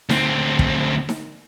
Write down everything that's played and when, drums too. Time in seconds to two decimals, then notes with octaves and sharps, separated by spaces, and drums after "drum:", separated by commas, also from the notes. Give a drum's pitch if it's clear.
0.09 D2 C4, drum: snare D#4
0.59 drum: kick
1.09 drum: snare D#4